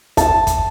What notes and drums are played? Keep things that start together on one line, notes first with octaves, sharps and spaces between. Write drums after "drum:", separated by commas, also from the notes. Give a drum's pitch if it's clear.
A5, drum: kick, hi-hat
drum: kick, hi-hat